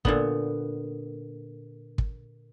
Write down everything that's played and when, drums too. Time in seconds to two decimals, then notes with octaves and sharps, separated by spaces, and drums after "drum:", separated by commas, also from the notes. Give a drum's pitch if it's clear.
0.05 A#2 D3 B3, drum: kick
1.98 drum: kick